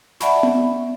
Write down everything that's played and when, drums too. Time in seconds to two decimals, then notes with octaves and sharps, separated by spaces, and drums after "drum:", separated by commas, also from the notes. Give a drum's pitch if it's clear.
0.20 D5 E5 F#5 A5 B5 C#6, drum: snare
0.43 drum: tom B3